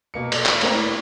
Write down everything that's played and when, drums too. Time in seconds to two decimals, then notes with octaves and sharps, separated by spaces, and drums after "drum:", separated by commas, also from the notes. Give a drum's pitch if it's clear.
0.14 B2 A#3 C#7
0.32 A4 D5, drum: cymbal
0.46 drum: clap
0.61 A3 A#3 C4 A#4 B4, drum: cymbal
0.74 E4